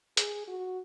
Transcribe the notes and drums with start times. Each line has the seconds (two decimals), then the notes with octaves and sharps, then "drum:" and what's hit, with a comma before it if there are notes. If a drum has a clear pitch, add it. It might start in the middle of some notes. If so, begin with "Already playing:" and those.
0.17 G#4, drum: hi-hat
0.48 F#4